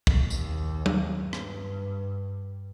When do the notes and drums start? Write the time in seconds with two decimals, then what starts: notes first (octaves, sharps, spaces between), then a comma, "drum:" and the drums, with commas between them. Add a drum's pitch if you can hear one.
0.07 drum: kick
0.30 D#2, drum: tambourine
0.86 drum: tom
1.19 G2
1.33 drum: rim click